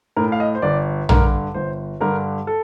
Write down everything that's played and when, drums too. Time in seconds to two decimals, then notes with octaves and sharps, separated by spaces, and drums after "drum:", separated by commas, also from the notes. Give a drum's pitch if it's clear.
0.16 A2 A#4
0.32 F5
0.40 D#5
0.55 C5
0.62 G1 D5
1.09 G2 D3 A#4, drum: tom A#1
1.54 G1 C5
2.00 G2 D3 A#4
2.47 A4